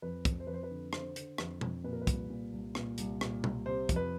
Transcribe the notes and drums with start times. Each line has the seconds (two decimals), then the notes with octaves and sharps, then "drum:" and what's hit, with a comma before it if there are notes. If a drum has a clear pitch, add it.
0.02 F2 B4
0.25 F2, drum: kick, hi-hat
0.40 C5
0.47 F2 B4
0.54 C5
0.63 B4
0.70 D3
0.93 D3 C5, drum: rim click
1.16 D3, drum: hi-hat
1.38 F2, drum: rim click
1.61 F2, drum: tom B2
1.84 A#2 B4
1.93 A#4
2.01 B4
2.07 C2, drum: kick, hi-hat
2.30 A#2
2.52 C2
2.75 A#2, drum: rim click
2.98 C2, drum: hi-hat
3.21 A#2, drum: rim click
3.44 C2, drum: tom B2
3.66 C3 C5
3.89 F2, drum: kick, hi-hat
3.96 B4